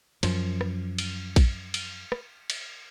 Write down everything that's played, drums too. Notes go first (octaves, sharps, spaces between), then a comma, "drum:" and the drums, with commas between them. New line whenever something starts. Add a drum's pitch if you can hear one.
F#2 F3, drum: cymbal
drum: rim click
drum: cymbal
drum: kick A#1, cymbal
drum: cymbal
drum: rim click
drum: cymbal